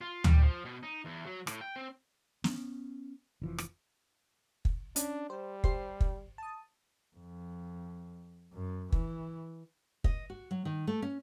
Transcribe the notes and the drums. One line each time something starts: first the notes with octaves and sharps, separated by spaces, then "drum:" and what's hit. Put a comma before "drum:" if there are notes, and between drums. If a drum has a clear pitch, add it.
F4
G3, drum: tom D2
F3
B2
D#4
E2
F#3
A2, drum: rim click
G5
C4
B3 C#4, drum: snare
F1 E3 F3
drum: rim click
drum: kick
C#4 D4, drum: hi-hat
G3 C5
G4 C5 C7, drum: kick
drum: kick
A5 D#6
F2
F#2
E3, drum: kick
D#5, drum: kick
F#4
F#3
D#3
A3
C#4